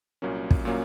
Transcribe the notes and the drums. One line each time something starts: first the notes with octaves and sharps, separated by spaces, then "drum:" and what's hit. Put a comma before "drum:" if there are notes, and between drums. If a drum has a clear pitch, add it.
C2 A#2 F#3 A#3 C#4
drum: kick
A#2 F#3 A#3 C#4